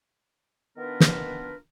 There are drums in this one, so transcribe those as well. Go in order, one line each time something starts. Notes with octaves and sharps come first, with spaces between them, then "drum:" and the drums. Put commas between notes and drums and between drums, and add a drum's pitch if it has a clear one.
D#3 B3 D4 F4 A#4 B4
drum: snare